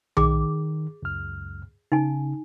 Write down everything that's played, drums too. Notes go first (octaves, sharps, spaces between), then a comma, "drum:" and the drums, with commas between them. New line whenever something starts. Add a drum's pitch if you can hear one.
D#3 G#4 D6, drum: tom B1
C#2 F#2 F6
C#3 D#4 G#5